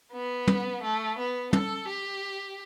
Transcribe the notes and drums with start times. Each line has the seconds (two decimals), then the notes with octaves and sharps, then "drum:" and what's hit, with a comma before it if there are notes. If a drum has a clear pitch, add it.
0.12 B3
0.47 drum: tom
0.83 A3
1.18 B3
1.53 A4, drum: tom
1.88 G4